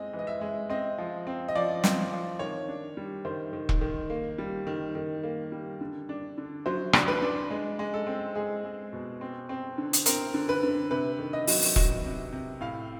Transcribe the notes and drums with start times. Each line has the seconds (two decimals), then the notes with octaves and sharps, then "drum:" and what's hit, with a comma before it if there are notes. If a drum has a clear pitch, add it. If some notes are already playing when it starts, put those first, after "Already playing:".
Already playing: G#3 C4 D#5
0.14 E3
0.19 D#5
0.27 E5
0.41 G#3
0.70 C4 D#5
0.98 F3
1.27 C4
1.48 D#5
1.55 F3 D5
1.84 C4, drum: snare
2.12 F3
2.39 D#3 C#5
2.68 D4
2.97 G3
3.25 D#3 C5
3.53 D#3
3.69 drum: kick E1
3.81 D#3
4.10 A#3
4.38 G3
4.67 D#3
4.95 D#3
5.23 A#3
5.52 G3
5.81 D3
6.09 D4
6.38 D3
6.66 F#3 C5
6.93 D4, drum: rim click
7.08 B4
7.22 D4
7.50 G#3
7.79 G#3
7.94 A4
8.07 C4
8.35 G#3 G#4
8.65 G#3
8.93 B2
9.21 C4
9.49 C4
9.78 D3
9.93 drum: hi-hat
10.06 C4 A#4, drum: hi-hat
10.34 D3
10.49 B4
10.63 D3
10.91 C3 B4
11.19 D#3
11.33 D#5
11.47 F#3, drum: open hi-hat
11.61 drum: open hi-hat
11.76 F#3 D#5, drum: kick E1
12.05 C3
12.32 C3
12.61 A2 F5